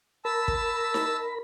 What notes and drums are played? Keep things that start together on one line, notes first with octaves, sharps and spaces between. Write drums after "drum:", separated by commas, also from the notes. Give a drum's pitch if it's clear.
A#4 A5 B5 E6
drum: kick
drum: snare D#4